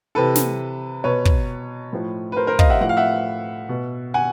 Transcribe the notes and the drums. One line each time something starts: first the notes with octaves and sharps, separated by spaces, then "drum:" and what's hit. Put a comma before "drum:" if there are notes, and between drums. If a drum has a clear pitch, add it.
C3 E3 A4 B4
drum: snare
B2 B4 C#5
drum: kick
A2 F3
B4
A#4 C5
A#4 C5
D#5 F5, drum: kick
E5 F#5
A2 F3 F#5
F5
E5 F#5
B2
F#5 G#5